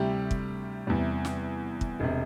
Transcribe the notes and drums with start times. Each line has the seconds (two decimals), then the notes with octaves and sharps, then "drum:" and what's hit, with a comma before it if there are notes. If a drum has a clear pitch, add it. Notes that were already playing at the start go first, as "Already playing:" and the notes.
Already playing: D2 C3 G3 E4 G4
0.31 drum: kick
0.87 E2 C3 G3
1.25 drum: snare
1.81 drum: kick
2.00 E1 C3